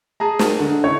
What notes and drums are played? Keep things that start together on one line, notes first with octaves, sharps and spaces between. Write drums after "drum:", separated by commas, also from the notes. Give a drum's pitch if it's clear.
G#4 A5 A#5
drum: snare
D3
C#3 E4 C#5